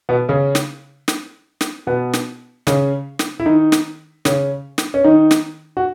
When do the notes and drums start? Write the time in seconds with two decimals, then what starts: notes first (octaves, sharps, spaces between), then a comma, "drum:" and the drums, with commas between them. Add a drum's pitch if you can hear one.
0.09 B2 B3
0.29 C#3 C#4
0.55 drum: snare
1.08 drum: snare
1.61 drum: snare
1.87 B2 B3
2.13 drum: snare
2.67 C#3 C#4, drum: snare
3.19 drum: snare
3.40 E4
3.46 D#3 D#4
3.72 drum: snare
4.25 C#3 C#4, drum: snare
4.78 drum: snare
4.94 C#4
5.04 D#3 D#4
5.31 drum: snare
5.77 F#4